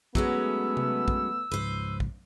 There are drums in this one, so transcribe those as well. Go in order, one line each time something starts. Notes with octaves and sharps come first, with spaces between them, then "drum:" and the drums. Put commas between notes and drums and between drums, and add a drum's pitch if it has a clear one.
F#3 G#3 A3 B3 C#4 E6, drum: kick
drum: tom C3
drum: kick
C#2 G#2 F3 B4 C5
drum: kick